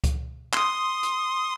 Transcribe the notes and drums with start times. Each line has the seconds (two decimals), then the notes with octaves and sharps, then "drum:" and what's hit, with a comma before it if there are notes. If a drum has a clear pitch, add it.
0.04 drum: kick C#2, hi-hat
0.53 C6 D#6, drum: clap
1.03 drum: hi-hat